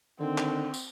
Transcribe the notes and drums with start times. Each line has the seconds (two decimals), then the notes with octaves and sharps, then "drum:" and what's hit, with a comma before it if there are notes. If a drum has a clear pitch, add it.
0.20 D3 D#3 C4
0.38 drum: clap
0.74 drum: tambourine